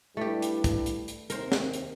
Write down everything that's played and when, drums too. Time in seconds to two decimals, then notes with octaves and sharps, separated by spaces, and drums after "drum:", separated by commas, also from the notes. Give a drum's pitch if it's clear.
0.17 G2 G3 A3 E4 G4
0.42 drum: hi-hat
0.64 drum: kick, hi-hat
0.86 drum: hi-hat
1.08 drum: hi-hat
1.30 D#2 C3 A#4 C5, drum: hi-hat
1.52 drum: snare
1.73 drum: hi-hat